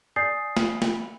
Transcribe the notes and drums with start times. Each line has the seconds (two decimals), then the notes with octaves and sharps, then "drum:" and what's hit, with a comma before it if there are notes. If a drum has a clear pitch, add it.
0.16 D5 G#5 D#6 G6 A6 C7
0.57 drum: snare
0.82 drum: snare